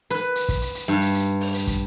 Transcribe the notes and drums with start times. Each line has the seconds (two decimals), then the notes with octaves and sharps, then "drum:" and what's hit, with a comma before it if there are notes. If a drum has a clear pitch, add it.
0.10 B4
0.35 drum: hi-hat
0.49 drum: kick, hi-hat
0.62 drum: hi-hat
0.75 drum: hi-hat
0.88 G2
1.01 drum: hi-hat
1.14 drum: hi-hat
1.41 drum: open hi-hat
1.54 drum: hi-hat
1.67 drum: kick, hi-hat